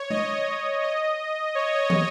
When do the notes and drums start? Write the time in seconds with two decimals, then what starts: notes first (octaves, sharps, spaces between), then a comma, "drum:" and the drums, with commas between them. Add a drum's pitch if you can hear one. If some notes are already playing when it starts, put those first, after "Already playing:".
Already playing: C#5
0.10 D#5, drum: tom G#3
0.83 D#5
1.55 C#5
1.90 drum: tom